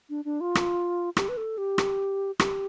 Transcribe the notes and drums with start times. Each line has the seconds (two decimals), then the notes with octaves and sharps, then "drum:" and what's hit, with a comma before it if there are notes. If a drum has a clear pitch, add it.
0.10 D4
0.25 D4
0.41 F4
0.55 drum: rim click
1.17 G4, drum: rim click
1.29 B4
1.37 A4
1.58 G4
1.78 drum: rim click
2.40 G4, drum: rim click